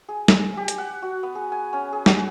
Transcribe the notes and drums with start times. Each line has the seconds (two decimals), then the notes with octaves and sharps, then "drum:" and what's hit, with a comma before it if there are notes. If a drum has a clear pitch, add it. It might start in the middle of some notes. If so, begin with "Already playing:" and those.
0.09 G#4
0.28 drum: snare
0.57 G4
0.68 drum: hi-hat
0.78 F#5
1.02 F#4
1.23 B3
1.35 G#4
1.52 G#5
1.73 C#4
1.93 G#4
2.06 F#4, drum: snare